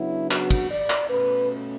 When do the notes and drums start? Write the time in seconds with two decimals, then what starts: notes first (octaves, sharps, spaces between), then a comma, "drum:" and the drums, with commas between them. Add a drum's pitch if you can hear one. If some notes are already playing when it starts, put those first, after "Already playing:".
Already playing: C#3 F#3 B3 D4 E4
0.31 F#4, drum: clap
0.51 drum: kick, cymbal
0.70 D5
0.90 drum: clap
1.10 B2 A3 C#4 B4